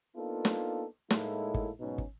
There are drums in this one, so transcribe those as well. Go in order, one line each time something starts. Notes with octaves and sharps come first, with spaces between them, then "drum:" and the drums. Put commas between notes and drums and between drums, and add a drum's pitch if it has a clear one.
A#3 B3 D4 D#4 F4 A4
drum: snare
A2 G#3 A#3 D#4 E4 A4, drum: snare
drum: kick
G#2 B2 F#3 C#4 D#4
drum: kick